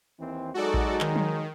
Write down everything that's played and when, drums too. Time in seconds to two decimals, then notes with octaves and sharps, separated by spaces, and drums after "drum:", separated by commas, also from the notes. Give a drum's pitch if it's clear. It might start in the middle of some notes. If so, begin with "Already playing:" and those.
0.19 D#2 E3 C4
0.54 F#3 G#3 D#4 F#4 A4 D5
0.74 drum: kick A1
1.01 D#3, drum: clap
1.16 drum: tom F3